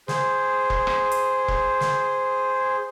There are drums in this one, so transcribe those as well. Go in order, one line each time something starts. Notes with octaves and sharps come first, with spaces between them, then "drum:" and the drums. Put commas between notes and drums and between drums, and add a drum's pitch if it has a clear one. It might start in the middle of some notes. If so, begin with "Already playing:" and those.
G#4 C5, drum: snare
drum: kick E1
drum: rim click
drum: hi-hat
drum: kick E1
drum: snare